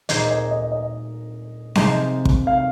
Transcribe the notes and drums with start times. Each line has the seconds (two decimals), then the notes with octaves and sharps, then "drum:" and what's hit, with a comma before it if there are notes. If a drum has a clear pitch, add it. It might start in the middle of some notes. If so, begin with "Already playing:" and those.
0.09 A#2 A#3 D#4 G#4 C5 D#5, drum: hi-hat
0.31 D#5
0.51 D#5
0.72 D#5
1.75 C3 F3 G#3 D#4 C5, drum: snare C4
2.25 drum: kick
2.47 F5